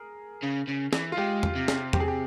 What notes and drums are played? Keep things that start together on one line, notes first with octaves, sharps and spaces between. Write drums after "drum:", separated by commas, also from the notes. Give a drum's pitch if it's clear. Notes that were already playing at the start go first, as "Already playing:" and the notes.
Already playing: G#4 A#4
C#3
C#3
E3, drum: snare
F4
G#3 G4
drum: tom E2
C3
drum: snare
G4, drum: tom E2
G#4
G4